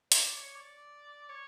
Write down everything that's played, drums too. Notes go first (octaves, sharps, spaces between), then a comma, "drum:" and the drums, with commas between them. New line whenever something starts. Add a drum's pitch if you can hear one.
C#5, drum: hi-hat
D5
C#5
D5
C#5